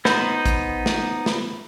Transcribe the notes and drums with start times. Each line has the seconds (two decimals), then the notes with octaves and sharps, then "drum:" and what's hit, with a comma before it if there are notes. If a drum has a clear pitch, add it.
0.05 B3 D#4 C5 B5, drum: snare
0.46 drum: kick A1, hi-hat
0.86 drum: snare
1.26 drum: snare